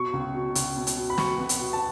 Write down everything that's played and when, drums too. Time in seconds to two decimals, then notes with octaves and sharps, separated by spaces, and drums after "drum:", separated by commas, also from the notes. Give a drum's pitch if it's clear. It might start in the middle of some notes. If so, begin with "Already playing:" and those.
Already playing: B2 C#6
0.13 C#2
0.34 B2
0.55 C#2, drum: hi-hat
0.77 B2
0.87 drum: hi-hat
0.97 B2
1.10 B5
1.18 B2 C#6, drum: snare
1.38 B3
1.49 drum: hi-hat
1.60 B2
1.73 A5